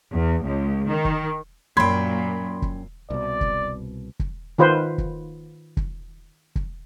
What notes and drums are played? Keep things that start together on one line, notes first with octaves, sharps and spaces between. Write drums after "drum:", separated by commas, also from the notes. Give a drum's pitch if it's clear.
E2
C#2
D#3
drum: kick
F#2 A#2 F#3 G5 B5 C6 G#6
drum: kick
C2 B2 D5
drum: kick
drum: kick
D#3 F4 B4 C5
drum: kick
drum: kick
drum: kick